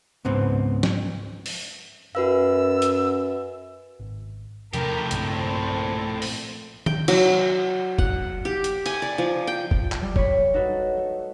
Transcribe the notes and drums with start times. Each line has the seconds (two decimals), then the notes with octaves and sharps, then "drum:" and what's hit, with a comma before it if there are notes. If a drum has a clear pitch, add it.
0.25 C#2 G#2 B3 C4
0.83 drum: snare
1.46 drum: open hi-hat
2.15 F#2 F#4 B4 F5 E6
2.82 drum: hi-hat
4.00 G#1
4.73 E2 A2 C3 F3 G4 A#4 B6, drum: hi-hat
5.11 B1 G2 A#2 C#3 F3 C4, drum: hi-hat
6.22 drum: open hi-hat
6.86 G5, drum: tom D#3
7.08 F#3, drum: cymbal
7.99 F#5, drum: kick F#1
8.45 G4
8.64 drum: hi-hat
8.86 G#5, drum: cymbal
9.02 D5
9.18 F3
9.47 G5
9.71 drum: kick F#1
9.92 drum: clap
10.02 G3
10.16 C#5 B5, drum: kick F#1
10.54 D#4 F#4 A4 B4
10.97 A3